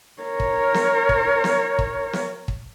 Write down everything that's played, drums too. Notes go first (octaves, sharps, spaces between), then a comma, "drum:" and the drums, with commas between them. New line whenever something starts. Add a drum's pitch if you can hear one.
A#4 C#5
drum: kick
drum: snare
drum: kick
drum: snare
drum: kick
drum: snare
drum: kick